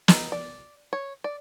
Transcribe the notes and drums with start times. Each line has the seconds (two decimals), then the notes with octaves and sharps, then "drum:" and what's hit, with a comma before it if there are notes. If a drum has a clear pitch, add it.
0.08 D#4, drum: snare
0.32 D5
0.93 C#5
1.24 D5